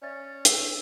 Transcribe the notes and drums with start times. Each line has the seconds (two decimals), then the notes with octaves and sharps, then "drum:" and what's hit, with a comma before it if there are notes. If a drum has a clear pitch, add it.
0.02 C#4 D5 E5 A6
0.45 A4 B4 E6, drum: hi-hat